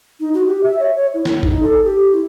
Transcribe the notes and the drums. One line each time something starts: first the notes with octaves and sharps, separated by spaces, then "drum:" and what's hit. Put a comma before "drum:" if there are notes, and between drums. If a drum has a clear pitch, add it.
D#4
F#4
G4
E5
C#5
C#5
E4
drum: snare
D#4, drum: kick G#1
A4
G4
E4